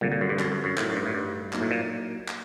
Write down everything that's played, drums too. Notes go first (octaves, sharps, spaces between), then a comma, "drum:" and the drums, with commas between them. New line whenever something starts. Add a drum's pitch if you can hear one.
A#2 D3 G3 C4 F#4 A#4
A#2
F#2
G2
F#2, drum: clap
F#2
F#2
A2 A3 D#4 F#4 A#4, drum: clap
F#2
G2
A2
G2
F#3 A#3 D#4, drum: clap
A2
A#2
drum: clap